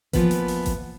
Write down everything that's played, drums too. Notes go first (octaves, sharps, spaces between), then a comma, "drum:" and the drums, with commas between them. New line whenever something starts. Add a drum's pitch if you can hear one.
E3 F3 A#3 B3 B4, drum: kick G#1, hi-hat
drum: hi-hat
drum: open hi-hat
drum: kick G#1, hi-hat